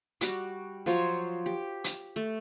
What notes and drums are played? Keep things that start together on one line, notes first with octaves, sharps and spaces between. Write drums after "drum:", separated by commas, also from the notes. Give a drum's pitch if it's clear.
G3 F#4 D6, drum: hi-hat
F3 F#3 C5 C#5
G4
drum: hi-hat
A3